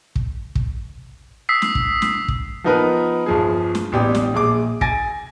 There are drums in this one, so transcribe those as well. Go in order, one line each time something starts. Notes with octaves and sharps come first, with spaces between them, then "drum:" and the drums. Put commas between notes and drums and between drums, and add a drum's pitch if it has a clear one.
drum: kick
drum: kick
D#6 E6 B6 C7
drum: snare
drum: kick
drum: snare
drum: kick
F3 B3 D#4 A#4 B4
G1 F3 G#4
drum: snare
A1 B2 G4 D5 D#6
drum: snare
A#1 G#4 D6
G#5 A6 A#6 D7, drum: kick